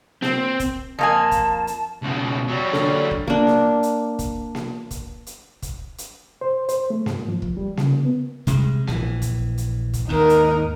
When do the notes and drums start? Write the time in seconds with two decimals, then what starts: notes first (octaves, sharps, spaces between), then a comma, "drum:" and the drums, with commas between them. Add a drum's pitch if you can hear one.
0.22 C4, drum: snare A#3
0.60 drum: kick, hi-hat
0.99 F2 A#3 G#5 A5
1.31 drum: kick, hi-hat
1.67 drum: hi-hat
2.03 C#2 B2
2.48 F#3 G3
2.73 D3, drum: snare A#3
3.11 drum: kick
3.27 A#3 D4
3.47 drum: snare A#3
3.83 drum: hi-hat
4.19 drum: kick, hi-hat
4.55 drum: snare A#3
4.91 drum: kick, hi-hat
5.27 drum: hi-hat
5.62 drum: kick, hi-hat
5.98 drum: hi-hat
6.41 C5
6.69 C5, drum: hi-hat
6.90 A3
7.06 G#2, drum: snare A#3
7.29 F3
7.42 drum: kick
7.57 G3
7.77 C#3, drum: snare A#3
8.05 B3
8.47 C3 G3 G#3, drum: kick, hi-hat
8.87 A#1 E3, drum: snare A#3
9.22 drum: kick, hi-hat
9.58 drum: hi-hat
9.94 drum: kick, hi-hat
10.09 D#2 G#2 D#4 A#4
10.29 drum: hi-hat